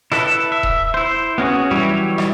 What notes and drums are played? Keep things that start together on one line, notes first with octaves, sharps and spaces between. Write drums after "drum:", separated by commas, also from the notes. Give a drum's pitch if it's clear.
E4 A4 B4, drum: rim click
E5
drum: kick D#1
E4 C5
B3 C#4 F#4 G#4
E3 F#3 G3 E4 C#5
drum: rim click